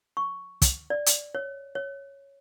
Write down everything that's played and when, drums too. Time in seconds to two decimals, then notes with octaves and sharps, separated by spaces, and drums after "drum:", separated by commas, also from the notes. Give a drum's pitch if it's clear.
0.17 C#6
0.62 drum: kick, hi-hat
0.90 D5
1.06 drum: hi-hat
1.35 C#5
1.75 C#5